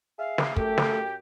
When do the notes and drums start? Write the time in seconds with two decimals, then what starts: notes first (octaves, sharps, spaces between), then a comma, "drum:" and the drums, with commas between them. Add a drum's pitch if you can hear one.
0.18 G#4 E5 F5
0.38 drum: snare
0.57 F#2 A3 G4, drum: kick
0.78 drum: snare